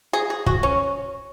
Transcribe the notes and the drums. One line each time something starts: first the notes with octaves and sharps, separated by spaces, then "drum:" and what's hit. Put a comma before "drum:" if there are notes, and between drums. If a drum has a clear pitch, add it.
G#4
G#4
F#4, drum: kick
C#4